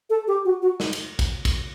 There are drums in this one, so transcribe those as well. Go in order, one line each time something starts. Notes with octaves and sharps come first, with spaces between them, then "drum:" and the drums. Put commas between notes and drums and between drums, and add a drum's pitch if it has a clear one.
A4
G4
F#4
F#4
drum: snare
drum: cymbal
drum: kick, cymbal
drum: kick, cymbal